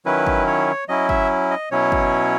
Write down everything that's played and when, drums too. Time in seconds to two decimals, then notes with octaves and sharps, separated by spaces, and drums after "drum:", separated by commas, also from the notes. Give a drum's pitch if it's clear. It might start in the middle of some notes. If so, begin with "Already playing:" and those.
0.05 D#3 F#3 C#4 E4 B4
0.27 drum: kick
0.47 C#5
0.88 F#3 C#4 E4 D#5
1.09 E5, drum: kick
1.51 D#5
1.71 B2 F#3 C#4 E4 C#5
1.92 drum: kick